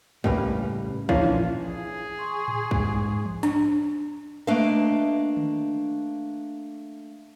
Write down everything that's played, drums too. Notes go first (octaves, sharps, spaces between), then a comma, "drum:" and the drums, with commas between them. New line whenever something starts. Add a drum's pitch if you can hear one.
A2 C#3 G3 A#3 B4, drum: kick
E3 F3 A#3 C#4 D4 F4, drum: kick
drum: tom A2
G#4
G#5 C6 C#6
drum: tom A2
G#2, drum: kick
drum: tom E3
D4, drum: hi-hat
A3 A#3 D4 B4 D#5 F5
drum: tom D3